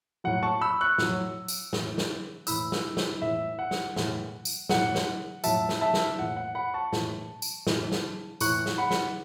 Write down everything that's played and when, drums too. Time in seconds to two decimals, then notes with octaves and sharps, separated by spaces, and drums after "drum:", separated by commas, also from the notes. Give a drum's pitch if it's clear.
0.24 A2 F#3 F#5
0.43 A5 C#6
0.61 B5 E6
0.81 C#6 F#6
0.98 A2 F#3, drum: snare
1.48 drum: tambourine
1.73 A2 E3, drum: snare
1.98 drum: snare
2.47 A2 E3 B5 E6, drum: tambourine
2.72 drum: snare
2.97 drum: snare
3.22 A2 E3 E5
3.59 F#5
3.71 drum: snare
3.96 A2 E3, drum: snare
4.45 drum: tambourine
4.69 A2 F#3 F#5, drum: snare
4.95 drum: snare
5.44 A2 F#3 E5 A5, drum: tambourine
5.69 drum: snare
5.81 E5 A5
5.94 drum: snare
6.18 A2 E3 F#5
6.37 F#5
6.55 F#5 B5
6.74 A5 C#6
6.93 A2 E3, drum: snare
7.42 drum: tambourine
7.67 A2 E3, drum: snare
7.92 drum: snare
8.41 A2 E3 C#6 F#6, drum: tambourine
8.66 drum: snare
8.78 F#5 B5
8.91 drum: snare